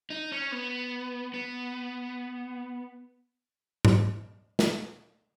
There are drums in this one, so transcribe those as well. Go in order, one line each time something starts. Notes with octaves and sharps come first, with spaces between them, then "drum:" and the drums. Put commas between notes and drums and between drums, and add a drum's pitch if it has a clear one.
D#4
C#4
B3
B3
drum: tom G#2
drum: snare